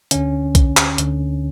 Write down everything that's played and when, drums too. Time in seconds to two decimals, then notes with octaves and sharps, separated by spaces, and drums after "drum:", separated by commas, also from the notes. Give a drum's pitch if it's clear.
0.11 D2 D3 C#4, drum: hi-hat
0.55 drum: kick B1, hi-hat
0.77 drum: clap
0.98 D2 D3, drum: hi-hat